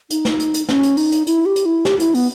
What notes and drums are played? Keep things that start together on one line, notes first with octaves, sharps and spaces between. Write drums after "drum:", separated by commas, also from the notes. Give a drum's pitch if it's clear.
D#4, drum: hi-hat
drum: snare
drum: hi-hat
drum: hi-hat
C#4, drum: snare
drum: hi-hat
D#4, drum: open hi-hat
drum: hi-hat
E4, drum: hi-hat
G4
drum: hi-hat
E4
G4, drum: snare
E4, drum: hi-hat
B3, drum: open hi-hat